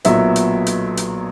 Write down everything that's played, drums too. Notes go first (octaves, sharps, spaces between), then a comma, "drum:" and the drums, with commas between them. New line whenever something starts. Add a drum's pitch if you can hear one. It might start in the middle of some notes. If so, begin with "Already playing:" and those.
B1 A#2 F#3 B3 E5, drum: hi-hat
drum: hi-hat
drum: hi-hat
drum: hi-hat